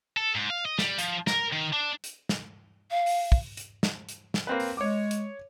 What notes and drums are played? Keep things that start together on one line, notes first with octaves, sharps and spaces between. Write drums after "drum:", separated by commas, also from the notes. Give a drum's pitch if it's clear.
A4
G#2
F5
D#5
G3, drum: snare
F3, drum: hi-hat
A#4, drum: snare
D#3
D4
drum: hi-hat
drum: snare
F5
drum: open hi-hat
drum: kick
drum: hi-hat
drum: snare
drum: hi-hat
drum: snare
A#3 C4 B4
drum: open hi-hat
G#3 C#5 D6
drum: hi-hat